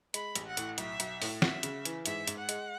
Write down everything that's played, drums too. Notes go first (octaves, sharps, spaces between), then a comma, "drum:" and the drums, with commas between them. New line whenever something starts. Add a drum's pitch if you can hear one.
G#3 B5, drum: hi-hat
A1, drum: hi-hat
F#5
A2, drum: hi-hat
B1 E5, drum: hi-hat
B1, drum: hi-hat
A2, drum: open hi-hat
F#4 E5, drum: snare
C#3, drum: hi-hat
E3, drum: hi-hat
G#2 E5, drum: hi-hat
G#2, drum: hi-hat
F#5
G#3, drum: hi-hat